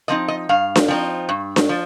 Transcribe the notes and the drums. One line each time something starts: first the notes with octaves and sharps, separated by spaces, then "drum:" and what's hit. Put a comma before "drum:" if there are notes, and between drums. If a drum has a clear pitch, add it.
F3 C4 D#4 D#5
D#5
G2 F5
drum: snare D4
F3 C4 D#4
G2
drum: snare D4
F3